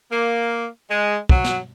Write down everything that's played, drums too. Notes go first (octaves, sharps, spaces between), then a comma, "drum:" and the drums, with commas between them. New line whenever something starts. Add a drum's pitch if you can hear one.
A#3
G#3
F#3, drum: kick
drum: snare